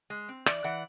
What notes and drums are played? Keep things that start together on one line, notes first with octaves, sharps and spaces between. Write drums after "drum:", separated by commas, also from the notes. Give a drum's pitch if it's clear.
G#3
C4
E3 D5, drum: rim click
E3 F#5